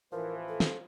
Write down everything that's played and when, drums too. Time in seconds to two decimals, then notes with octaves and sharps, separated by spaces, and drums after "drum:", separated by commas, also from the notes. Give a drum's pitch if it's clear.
0.12 A1 E3 F3 A#4 B4
0.49 A4
0.60 drum: snare